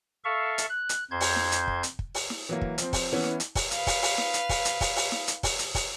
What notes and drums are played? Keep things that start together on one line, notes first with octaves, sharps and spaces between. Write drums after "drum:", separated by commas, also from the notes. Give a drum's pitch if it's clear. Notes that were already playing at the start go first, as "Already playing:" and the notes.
A4 E5 F5 C#6
drum: hi-hat
F#6
drum: hi-hat
F2 C5 G6 G#6
drum: open hi-hat
drum: snare
drum: hi-hat
drum: kick
drum: hi-hat
drum: kick
drum: open hi-hat
drum: snare
E3 F#3 A#3
drum: kick
F3 C4, drum: hi-hat
drum: kick, open hi-hat
E3 B3 C#4 E4
drum: snare
drum: hi-hat
drum: kick, open hi-hat
B4 F5, drum: hi-hat
drum: kick, open hi-hat
drum: open hi-hat
drum: snare
drum: hi-hat
drum: kick, open hi-hat
drum: hi-hat
drum: kick, open hi-hat
drum: open hi-hat
drum: snare
drum: hi-hat
drum: kick, open hi-hat
drum: hi-hat
drum: kick, open hi-hat